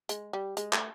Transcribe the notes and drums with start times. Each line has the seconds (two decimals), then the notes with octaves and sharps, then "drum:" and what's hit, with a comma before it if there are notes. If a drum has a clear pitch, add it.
0.09 G#3, drum: hi-hat
0.33 G3
0.57 G#3, drum: hi-hat
0.73 A3, drum: clap